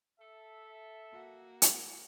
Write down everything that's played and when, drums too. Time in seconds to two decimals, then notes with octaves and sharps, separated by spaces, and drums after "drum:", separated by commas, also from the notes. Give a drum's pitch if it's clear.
0.20 A4 E5
1.12 A#3 F#4
1.62 drum: hi-hat